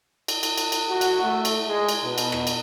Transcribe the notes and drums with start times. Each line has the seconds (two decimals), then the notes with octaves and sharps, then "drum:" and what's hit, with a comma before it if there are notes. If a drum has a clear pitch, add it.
0.28 drum: cymbal
0.43 drum: cymbal
0.58 drum: cymbal
0.72 drum: cymbal
0.89 F#4
1.01 drum: cymbal
1.22 A3
1.45 drum: cymbal
1.67 G#3
1.89 drum: cymbal
2.03 B2
2.18 drum: cymbal
2.32 drum: rim click
2.47 drum: cymbal